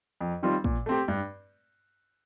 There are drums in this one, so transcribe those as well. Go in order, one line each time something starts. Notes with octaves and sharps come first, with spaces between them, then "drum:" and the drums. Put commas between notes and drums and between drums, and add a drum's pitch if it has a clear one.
F2
D#3 G3 C4 F4
A#2, drum: kick
A3 C4 G4
G2